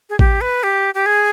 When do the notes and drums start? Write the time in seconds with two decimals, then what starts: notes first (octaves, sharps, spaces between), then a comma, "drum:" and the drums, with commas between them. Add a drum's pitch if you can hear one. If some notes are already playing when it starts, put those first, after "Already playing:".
0.10 G#4
0.19 G4, drum: kick A1
0.41 B4
0.63 G4
0.94 G4
1.06 G#4